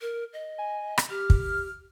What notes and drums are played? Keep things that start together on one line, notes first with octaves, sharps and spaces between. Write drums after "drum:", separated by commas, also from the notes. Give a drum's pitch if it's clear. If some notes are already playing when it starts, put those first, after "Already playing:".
A#4
D#5
G#5
drum: rim click
G4 F6
drum: kick